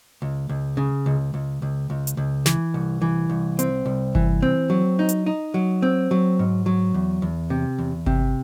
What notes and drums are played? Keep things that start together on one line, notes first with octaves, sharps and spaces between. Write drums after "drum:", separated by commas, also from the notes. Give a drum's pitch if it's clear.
C#2
C#2
C#3
C#2
C#2
C#2
C#2
drum: hi-hat
C#2
E3, drum: snare
C2
E3
C2
C4, drum: hi-hat
C2
E3, drum: kick G1
C4
F#3
D#4
drum: hi-hat
D#4
F#3
C4
F#3
G#2
F#3
E2
E2
C3
E2
C3, drum: kick G1